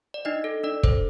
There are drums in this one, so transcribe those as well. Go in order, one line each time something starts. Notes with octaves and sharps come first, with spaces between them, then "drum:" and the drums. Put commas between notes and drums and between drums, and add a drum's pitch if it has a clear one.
D5
D4 D#4 D#5
A4
D4 D5
A4 C5, drum: kick